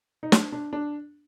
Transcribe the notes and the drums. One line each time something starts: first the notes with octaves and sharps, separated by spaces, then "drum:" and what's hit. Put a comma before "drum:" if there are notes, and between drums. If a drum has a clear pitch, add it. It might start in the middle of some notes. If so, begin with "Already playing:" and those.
D#4
D4, drum: snare
D4
D4